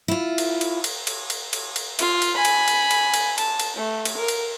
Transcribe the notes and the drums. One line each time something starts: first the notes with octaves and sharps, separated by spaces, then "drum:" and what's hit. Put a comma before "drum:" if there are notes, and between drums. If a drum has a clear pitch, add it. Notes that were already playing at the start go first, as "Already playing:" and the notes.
E4 F4
drum: cymbal
drum: cymbal
drum: cymbal
drum: cymbal
drum: cymbal
drum: cymbal
drum: cymbal
F4, drum: cymbal
drum: cymbal
G#5 B5
drum: cymbal
drum: cymbal
drum: cymbal
drum: cymbal
A5, drum: cymbal
drum: cymbal
A3
drum: cymbal
A#4
drum: cymbal